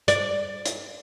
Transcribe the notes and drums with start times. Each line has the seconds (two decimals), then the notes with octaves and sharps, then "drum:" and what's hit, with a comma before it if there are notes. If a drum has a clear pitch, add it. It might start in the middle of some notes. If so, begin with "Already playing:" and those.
0.08 D5, drum: hi-hat
0.66 drum: hi-hat